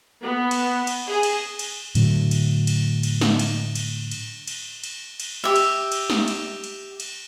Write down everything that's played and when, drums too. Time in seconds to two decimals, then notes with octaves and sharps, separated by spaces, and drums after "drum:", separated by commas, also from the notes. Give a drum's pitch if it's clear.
0.23 B3
0.51 drum: cymbal
0.87 drum: cymbal
1.07 G#4
1.23 drum: cymbal
1.59 drum: cymbal
1.95 A2 D3 F#3, drum: cymbal
2.31 drum: cymbal
2.67 drum: cymbal
3.03 drum: cymbal
3.21 drum: snare
3.39 drum: cymbal
3.75 drum: cymbal
4.11 drum: cymbal
4.47 drum: cymbal
4.84 drum: cymbal
5.20 drum: cymbal
5.44 G4 E5
5.56 drum: cymbal
5.92 drum: cymbal
6.10 drum: snare
6.28 drum: cymbal
6.64 drum: cymbal
7.00 drum: cymbal